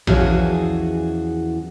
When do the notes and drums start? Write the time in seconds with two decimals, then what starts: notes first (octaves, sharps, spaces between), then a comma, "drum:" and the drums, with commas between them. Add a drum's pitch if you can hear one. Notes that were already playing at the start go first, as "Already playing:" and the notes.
0.07 E2 E3 F3 C#4 F#4 G#4, drum: tom A#1